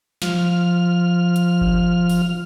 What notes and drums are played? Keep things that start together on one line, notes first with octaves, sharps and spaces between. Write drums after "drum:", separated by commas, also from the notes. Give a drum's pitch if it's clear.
F3 F6, drum: snare
drum: hi-hat
drum: kick G1
drum: open hi-hat